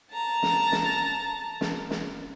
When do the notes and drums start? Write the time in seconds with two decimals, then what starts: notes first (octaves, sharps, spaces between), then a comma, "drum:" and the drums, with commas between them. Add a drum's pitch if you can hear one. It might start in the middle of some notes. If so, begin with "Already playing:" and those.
0.13 A5 A#5
0.43 drum: snare
0.72 drum: snare
1.61 drum: snare
1.90 drum: snare